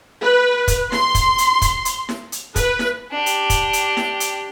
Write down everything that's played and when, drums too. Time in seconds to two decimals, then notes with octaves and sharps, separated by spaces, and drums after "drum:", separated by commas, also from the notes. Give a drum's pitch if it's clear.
0.21 B4
0.68 drum: kick, hi-hat
0.92 C6, drum: snare E4
1.15 drum: kick, hi-hat
1.38 drum: hi-hat
1.62 drum: kick, hi-hat
1.85 drum: hi-hat
2.09 drum: snare E4
2.32 drum: hi-hat
2.56 B4, drum: kick, hi-hat
2.79 drum: snare E4
3.12 D4 G4
3.26 drum: hi-hat
3.50 drum: kick, hi-hat
3.73 drum: hi-hat
3.97 drum: snare E4
4.20 drum: hi-hat